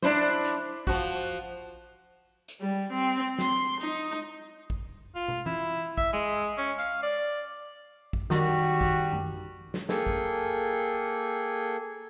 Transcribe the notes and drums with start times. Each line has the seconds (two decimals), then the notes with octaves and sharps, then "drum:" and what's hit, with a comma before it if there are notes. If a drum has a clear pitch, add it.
0.02 D4 E4 C5, drum: snare
0.45 drum: hi-hat
0.87 F3 F#4, drum: kick
2.48 drum: hi-hat
2.61 G3
2.92 C4
3.38 C6, drum: snare
3.81 D#4, drum: hi-hat
4.70 drum: kick
5.15 F4
5.28 drum: tom
5.46 E4, drum: tom E3
5.98 E5, drum: kick
6.13 G#3
6.58 C#4
6.78 F5, drum: hi-hat
7.03 D5
8.13 drum: kick
8.30 D#3 G3 F#4, drum: snare
8.81 drum: kick
9.12 drum: tom F#2
9.74 drum: snare
9.89 A#3 G#4 A4 G5 G#5, drum: snare
10.07 drum: kick